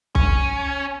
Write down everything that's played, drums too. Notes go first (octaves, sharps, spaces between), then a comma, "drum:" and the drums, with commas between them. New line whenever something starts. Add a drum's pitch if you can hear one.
C#4, drum: kick B1